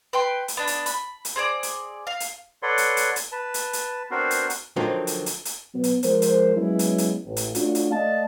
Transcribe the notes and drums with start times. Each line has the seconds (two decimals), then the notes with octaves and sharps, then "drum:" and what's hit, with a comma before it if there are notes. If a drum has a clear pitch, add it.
0.13 B4 G5 C6
0.48 drum: hi-hat
0.57 B3 D4
0.67 drum: hi-hat
0.86 B5, drum: hi-hat
1.25 drum: hi-hat
1.36 C4 G#4 C#5 D5
1.63 drum: hi-hat
2.07 F5
2.20 drum: hi-hat
2.63 A4 B4 C#5 D5 F#5 C6
2.78 drum: hi-hat
2.97 drum: hi-hat
3.16 drum: hi-hat
3.32 B4 A5
3.54 drum: hi-hat
3.73 drum: hi-hat
4.11 B3 C4 D4 F#4 A#4 C5
4.31 drum: hi-hat
4.50 drum: hi-hat
4.76 D3 D#3 F3 F#3 C4 D#4
5.07 drum: hi-hat
5.26 drum: hi-hat
5.45 drum: hi-hat
5.73 B2 F#3 B3
5.84 drum: hi-hat
6.03 F3 G#3 A#4 C5, drum: hi-hat
6.22 drum: hi-hat
6.56 F#3 G#3 B3 C#4 E4
6.79 drum: hi-hat
6.98 drum: hi-hat
7.25 A1
7.36 drum: hi-hat
7.55 A3 C#4 D4 F4 F#4, drum: hi-hat
7.75 drum: hi-hat
7.91 A3 D5 D#5 F5 A5